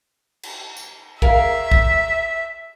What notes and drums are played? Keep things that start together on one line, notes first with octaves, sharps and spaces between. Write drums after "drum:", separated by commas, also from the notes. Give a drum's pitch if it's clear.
drum: cymbal
drum: tambourine
G#4 A#4 E5 F5, drum: kick
drum: kick